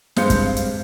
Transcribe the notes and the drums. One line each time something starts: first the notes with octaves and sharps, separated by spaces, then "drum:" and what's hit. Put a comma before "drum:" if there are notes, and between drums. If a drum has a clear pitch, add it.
G2 G#3 C4 F5 G6 C#7, drum: snare
drum: kick, hi-hat
drum: hi-hat